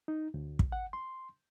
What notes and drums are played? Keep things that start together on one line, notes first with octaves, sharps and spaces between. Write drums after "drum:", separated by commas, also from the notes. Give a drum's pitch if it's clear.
D#4
D2
drum: kick
F#5
C6